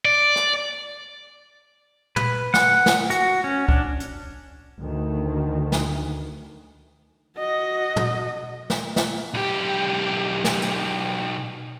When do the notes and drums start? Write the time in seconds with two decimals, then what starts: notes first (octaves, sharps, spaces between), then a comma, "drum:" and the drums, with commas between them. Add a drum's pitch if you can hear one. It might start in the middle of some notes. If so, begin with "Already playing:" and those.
0.05 D5
0.36 drum: rim click
2.16 B4, drum: tom
2.54 F#5, drum: snare
2.86 drum: snare
3.10 F#4, drum: hi-hat
3.44 C#4
3.69 D4, drum: kick
4.00 drum: hi-hat
4.80 D2 D#3
5.72 drum: snare
7.38 F#4 D#5
7.96 drum: tom
8.70 drum: snare
8.96 drum: snare
9.34 B1 G4
10.45 drum: snare
10.62 drum: hi-hat